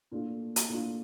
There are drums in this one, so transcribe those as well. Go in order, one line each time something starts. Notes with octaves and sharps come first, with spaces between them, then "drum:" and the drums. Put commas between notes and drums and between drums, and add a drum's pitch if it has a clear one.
A#2 A3 D4 F4
drum: hi-hat
A#2 A3 D4 F4